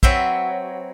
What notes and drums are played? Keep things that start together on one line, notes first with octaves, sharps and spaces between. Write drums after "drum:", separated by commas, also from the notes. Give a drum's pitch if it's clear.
F#3 C4 B4 C5 E5, drum: kick A#1